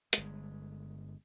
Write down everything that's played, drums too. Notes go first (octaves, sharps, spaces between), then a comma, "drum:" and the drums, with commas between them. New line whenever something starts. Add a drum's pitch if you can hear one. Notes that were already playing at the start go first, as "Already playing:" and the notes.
G1 G#3, drum: hi-hat